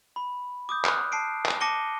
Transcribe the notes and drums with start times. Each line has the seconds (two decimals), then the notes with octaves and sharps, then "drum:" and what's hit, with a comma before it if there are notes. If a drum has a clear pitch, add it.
0.16 B5
0.69 D6 D#6 G6
0.85 D#6 F6 F#6, drum: clap
1.12 A5 C7 D7
1.45 drum: clap
1.60 A5 D6 A#6 C#7 D#7 G7